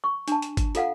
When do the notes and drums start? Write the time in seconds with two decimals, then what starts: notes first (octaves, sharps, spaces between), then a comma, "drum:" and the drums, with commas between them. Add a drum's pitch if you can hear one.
0.04 C#6
0.28 D4 A5, drum: hi-hat
0.42 drum: hi-hat
0.57 drum: kick G#1, hi-hat
0.75 F4 A4 F5 F#5, drum: hi-hat